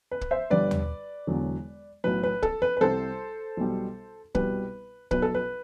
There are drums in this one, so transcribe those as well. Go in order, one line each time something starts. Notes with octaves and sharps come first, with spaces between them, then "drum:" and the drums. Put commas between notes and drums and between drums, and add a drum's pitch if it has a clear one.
B4
drum: kick
C5 E5
G1 G2 D3 G3 B4 D5
drum: tom D#2
E1 E2 D3 F#3
B1 A2 F#3 B4
B4
A4, drum: kick
B4
B4
C2 C3 G3 A4 C5
B1 B2 G3
C2 B2 G3 B4, drum: kick
B1 B2 F#3 B4, drum: kick
A4
B4